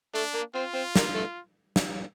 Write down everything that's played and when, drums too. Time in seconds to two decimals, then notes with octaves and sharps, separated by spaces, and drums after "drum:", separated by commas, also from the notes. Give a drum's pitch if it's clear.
0.14 A3 D4
0.34 A#3
0.55 C4 F4
0.74 C4
0.96 A#3, drum: snare
1.15 A3
1.76 drum: snare